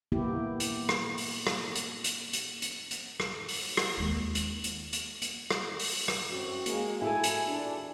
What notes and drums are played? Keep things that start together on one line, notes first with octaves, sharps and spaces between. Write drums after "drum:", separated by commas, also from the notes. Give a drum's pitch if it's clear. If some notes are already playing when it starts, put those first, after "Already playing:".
A#3 B3 E4 G4
drum: hi-hat
drum: rim click
drum: open hi-hat
drum: rim click
drum: hi-hat
drum: hi-hat
drum: hi-hat
drum: hi-hat
drum: hi-hat
drum: rim click
drum: open hi-hat
drum: rim click
D#2 G#3
drum: hi-hat
drum: hi-hat
drum: hi-hat
drum: hi-hat
drum: rim click
drum: open hi-hat
drum: rim click
F#2 A2 C4 F#4
G#3 A#3, drum: hi-hat
G#2 E4 F#4 G4 A4 G#5
drum: hi-hat
E2 A#2 D4